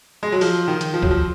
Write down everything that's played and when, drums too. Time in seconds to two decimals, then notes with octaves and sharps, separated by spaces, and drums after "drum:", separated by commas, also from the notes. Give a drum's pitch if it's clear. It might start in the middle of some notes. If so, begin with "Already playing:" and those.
0.23 G#3
0.32 F#3
0.41 F3, drum: open hi-hat
0.68 D#3
0.81 drum: hi-hat
0.94 F3
1.03 F#3, drum: kick
1.11 F3